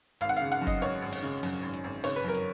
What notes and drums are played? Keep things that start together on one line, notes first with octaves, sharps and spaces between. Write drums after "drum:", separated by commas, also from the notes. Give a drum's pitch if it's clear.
G#1 F5, drum: hi-hat
F#5
F5, drum: hi-hat
C#3
F#5, drum: hi-hat
F#2
D#5, drum: kick F#1, hi-hat
G#1 C#5, drum: hi-hat
G#1
drum: open hi-hat
C#3
F#2, drum: open hi-hat
G#1
drum: hi-hat
G#1
C#3 C#5, drum: open hi-hat
B4
F#2 A#4
drum: hi-hat